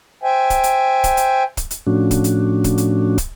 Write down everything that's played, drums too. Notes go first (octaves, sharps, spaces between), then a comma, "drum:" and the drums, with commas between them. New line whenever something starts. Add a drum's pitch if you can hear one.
C5 E5 G5 G#5
drum: kick, hi-hat
drum: hi-hat
drum: kick, hi-hat
drum: hi-hat
drum: kick, hi-hat
drum: hi-hat
A2 F3 A3 C#4 D4 F#4
drum: kick, hi-hat
drum: hi-hat
drum: kick, hi-hat
drum: hi-hat
drum: kick, hi-hat